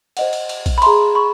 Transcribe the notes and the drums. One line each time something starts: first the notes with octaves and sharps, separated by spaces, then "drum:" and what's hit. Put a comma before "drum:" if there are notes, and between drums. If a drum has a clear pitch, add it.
C5 D#5 F#5, drum: cymbal
drum: cymbal
drum: cymbal
drum: kick A#1, cymbal
B5
G#4 C5 E5 A#5 C6, drum: cymbal
B5 C#6